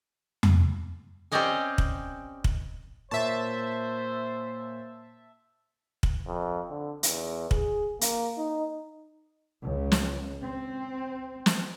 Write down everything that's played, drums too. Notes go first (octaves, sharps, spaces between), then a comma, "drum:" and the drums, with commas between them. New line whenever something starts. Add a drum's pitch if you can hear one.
drum: tom F2
C4 C#4 G4 D5 D#5 G#5
drum: kick
drum: kick
A#2 C5 C#5 E5 A5 C#6
drum: kick
F2
D3
E2, drum: hi-hat
G#4, drum: kick
A#3, drum: hi-hat
D#4
C#2
drum: snare
C4
drum: snare